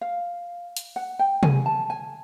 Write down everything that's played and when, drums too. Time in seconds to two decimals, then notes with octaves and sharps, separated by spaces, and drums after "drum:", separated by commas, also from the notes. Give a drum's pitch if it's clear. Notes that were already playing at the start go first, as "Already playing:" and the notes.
0.01 F5
0.77 drum: hi-hat
0.96 F#5
1.19 G5
1.43 G#5, drum: tom C3
1.66 A5
1.90 G#5